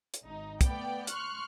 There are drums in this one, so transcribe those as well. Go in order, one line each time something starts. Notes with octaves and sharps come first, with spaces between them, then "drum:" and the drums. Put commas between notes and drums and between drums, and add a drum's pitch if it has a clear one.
drum: hi-hat
G#1 D#4
A3 B3 D5 G5, drum: kick, hi-hat
C6 C#6 F6 F#6, drum: hi-hat